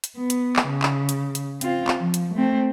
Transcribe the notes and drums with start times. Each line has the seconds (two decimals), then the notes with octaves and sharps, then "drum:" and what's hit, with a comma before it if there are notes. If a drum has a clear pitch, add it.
0.04 drum: hi-hat
0.18 B3
0.30 drum: hi-hat
0.56 drum: clap
0.67 C#3
0.82 drum: clap
1.09 drum: hi-hat
1.35 drum: hi-hat
1.61 C4 F4, drum: hi-hat
1.88 drum: clap
1.98 F3
2.14 drum: hi-hat
2.35 A3 C4